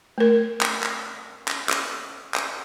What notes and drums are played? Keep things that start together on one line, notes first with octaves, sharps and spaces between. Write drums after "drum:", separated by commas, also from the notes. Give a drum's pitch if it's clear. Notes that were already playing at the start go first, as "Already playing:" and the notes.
A3 A#4
drum: clap
drum: clap
drum: clap
drum: clap
drum: clap